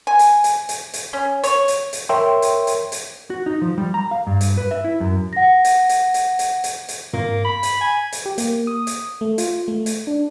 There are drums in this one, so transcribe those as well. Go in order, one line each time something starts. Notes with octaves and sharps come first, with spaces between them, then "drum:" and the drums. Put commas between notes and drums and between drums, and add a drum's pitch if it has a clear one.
G#5
drum: hi-hat
drum: hi-hat
drum: hi-hat
drum: hi-hat
C#4
C#5, drum: hi-hat
drum: hi-hat
drum: hi-hat
A#4 C#5 E5 G5 C6
drum: hi-hat
drum: hi-hat
drum: hi-hat
F#4
D#4
F3
G3
A#5
F5
G2
drum: hi-hat
B4
E5
E4
F#2
F#5 A#6
drum: hi-hat
drum: hi-hat
drum: hi-hat
drum: hi-hat
drum: hi-hat
drum: hi-hat
A#3, drum: tom
B5
drum: hi-hat
G#5
drum: hi-hat
G4
A#3, drum: hi-hat
D#6
drum: hi-hat
A3
F4, drum: hi-hat
A3
drum: hi-hat
D4